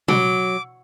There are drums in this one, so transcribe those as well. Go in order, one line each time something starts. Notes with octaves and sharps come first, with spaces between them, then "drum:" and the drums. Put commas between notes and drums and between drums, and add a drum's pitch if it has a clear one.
F#3 D6, drum: tom B2